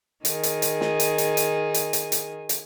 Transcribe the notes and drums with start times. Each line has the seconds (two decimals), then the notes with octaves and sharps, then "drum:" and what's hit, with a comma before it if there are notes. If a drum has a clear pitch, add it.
0.25 D#3 G#4, drum: hi-hat
0.43 drum: hi-hat
0.62 drum: hi-hat
0.81 drum: snare
1.00 drum: hi-hat
1.18 drum: hi-hat
1.37 drum: hi-hat
1.74 drum: hi-hat
1.93 drum: hi-hat
2.12 drum: hi-hat
2.49 drum: hi-hat